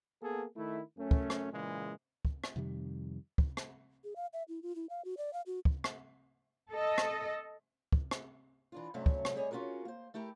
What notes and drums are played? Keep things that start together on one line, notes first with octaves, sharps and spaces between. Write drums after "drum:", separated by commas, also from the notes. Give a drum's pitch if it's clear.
A#3 B3 G#4 A4
D#3 A3 E4
F#2 A3 C#4
drum: kick
drum: rim click
A#2 C#3 E3 G#3
drum: kick
drum: rim click
F2 C3 D#3 G3
drum: kick
drum: rim click
G#4
F5
E5
E4
F4
E4
F5
F#4
D5
F5
F#4
drum: kick
drum: rim click
A4 D#5
drum: rim click
drum: kick
drum: rim click
E3 D4 F4
G2 C3 F#3 A3 C#4 C#5
drum: kick
drum: rim click
G3 G#4 C#5 D#5 G#5
C#4 F4 F#4 G#4 A#4
A#3 C5
A3 E4 G4 A#4